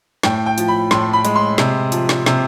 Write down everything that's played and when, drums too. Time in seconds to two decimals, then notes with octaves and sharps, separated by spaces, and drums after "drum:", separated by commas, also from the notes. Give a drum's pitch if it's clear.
0.23 A2 G5, drum: snare
0.46 G5
0.58 F3, drum: hi-hat
0.68 B5
0.91 A2 C6, drum: snare
1.13 B5
1.25 G#3, drum: hi-hat
1.36 C6
1.58 C3, drum: snare
1.92 F3, drum: hi-hat
2.09 drum: snare
2.26 C3, drum: snare